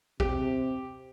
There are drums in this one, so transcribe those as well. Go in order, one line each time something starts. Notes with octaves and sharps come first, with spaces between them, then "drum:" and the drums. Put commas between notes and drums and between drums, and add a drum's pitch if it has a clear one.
C3 G4, drum: kick